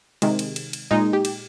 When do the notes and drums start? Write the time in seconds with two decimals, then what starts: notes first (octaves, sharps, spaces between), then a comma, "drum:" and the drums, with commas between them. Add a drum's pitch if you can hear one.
0.22 C3 D#3 G#3, drum: cymbal
0.39 drum: cymbal
0.56 drum: cymbal
0.73 drum: cymbal
0.91 A#2 G#3 D#4
1.13 G4
1.25 drum: cymbal